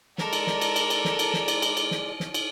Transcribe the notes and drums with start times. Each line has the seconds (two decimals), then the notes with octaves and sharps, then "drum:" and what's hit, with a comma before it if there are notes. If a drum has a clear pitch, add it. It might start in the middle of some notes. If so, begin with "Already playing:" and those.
0.18 G#3 A4 A#4 D5, drum: snare
0.33 drum: cymbal
0.47 drum: snare
0.61 drum: cymbal
0.76 drum: cymbal
0.90 drum: cymbal
1.05 drum: snare
1.19 drum: cymbal
1.34 drum: snare
1.48 drum: cymbal
1.62 drum: cymbal
1.77 drum: cymbal
1.91 drum: snare
2.20 drum: snare
2.34 drum: cymbal